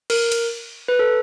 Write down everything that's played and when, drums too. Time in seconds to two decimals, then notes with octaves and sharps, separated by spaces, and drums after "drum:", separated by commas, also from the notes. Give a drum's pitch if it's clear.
0.10 A#4, drum: cymbal
0.32 drum: cymbal
0.88 B4
0.99 A4